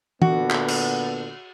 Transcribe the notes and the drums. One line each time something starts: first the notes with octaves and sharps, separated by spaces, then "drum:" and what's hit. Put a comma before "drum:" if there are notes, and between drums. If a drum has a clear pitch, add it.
A#2 D3 B3 F#4, drum: tom E3
drum: clap
drum: cymbal